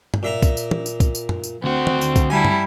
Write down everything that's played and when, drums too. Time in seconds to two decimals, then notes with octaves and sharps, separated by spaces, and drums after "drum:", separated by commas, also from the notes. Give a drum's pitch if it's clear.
0.14 drum: tom
0.23 A#2 E5 A#5
0.43 drum: kick C2, tambourine
0.57 drum: tambourine
0.71 drum: tom
0.86 drum: tambourine
1.00 drum: kick C2, tambourine
1.15 drum: tambourine
1.29 drum: tom
1.44 drum: tambourine
1.64 D2 C4 F#4
1.87 drum: tom
2.01 drum: tambourine
2.16 drum: kick C2, tambourine
2.30 G3 E4 G#5 A5
2.45 drum: tom